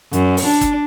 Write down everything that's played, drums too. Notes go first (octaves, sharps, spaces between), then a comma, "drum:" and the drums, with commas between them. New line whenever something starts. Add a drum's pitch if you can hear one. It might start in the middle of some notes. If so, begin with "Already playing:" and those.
F#2, drum: hi-hat
drum: open hi-hat
D4
drum: kick, hi-hat